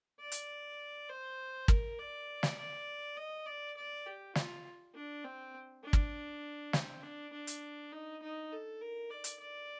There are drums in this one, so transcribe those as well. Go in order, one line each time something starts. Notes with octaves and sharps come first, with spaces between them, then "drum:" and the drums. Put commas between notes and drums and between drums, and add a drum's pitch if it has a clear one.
D5
drum: hi-hat
C5
A#4, drum: kick
D5
drum: snare
D5
D#5
D5
D5
G4
F4, drum: snare
D4
C4
D4
drum: kick
C4, drum: snare
D4
D4
drum: hi-hat
D#4
D#4
A4
A#4
D5
drum: hi-hat
D5